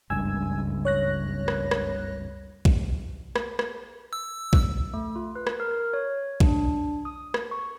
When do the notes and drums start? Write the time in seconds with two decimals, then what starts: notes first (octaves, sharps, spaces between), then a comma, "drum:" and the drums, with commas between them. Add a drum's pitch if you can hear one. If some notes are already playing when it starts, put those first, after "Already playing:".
0.10 F#1 C#2 G2 G#5 E6 G#6
0.85 C#5 F#6 A#6
1.48 drum: rim click
1.71 drum: rim click
2.65 drum: kick A#1
3.36 drum: rim click
3.59 drum: rim click
4.13 E6
4.53 drum: kick A#1
4.94 A3
5.16 F4
5.36 B4
5.47 drum: rim click
5.60 A#4
5.93 C#5
6.40 D4, drum: kick A#1
7.05 D#6
7.34 drum: rim click
7.51 C#6